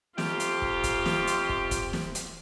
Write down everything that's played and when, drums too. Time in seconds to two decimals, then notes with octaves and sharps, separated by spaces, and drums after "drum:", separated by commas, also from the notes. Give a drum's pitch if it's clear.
0.18 F2 F4 G4 E5, drum: snare
0.40 drum: hi-hat
0.62 drum: kick
0.84 drum: kick, hi-hat
1.06 drum: snare
1.27 drum: hi-hat
1.49 drum: kick
1.71 drum: kick, hi-hat
1.93 drum: snare
2.15 drum: hi-hat